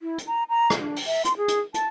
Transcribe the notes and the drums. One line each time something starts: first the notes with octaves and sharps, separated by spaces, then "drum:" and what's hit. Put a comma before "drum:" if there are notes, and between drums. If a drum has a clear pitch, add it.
E4
drum: hi-hat
A#5
A#5
drum: rim click
D4
drum: open hi-hat
E5
C6, drum: hi-hat
G#4
drum: hi-hat
A5, drum: hi-hat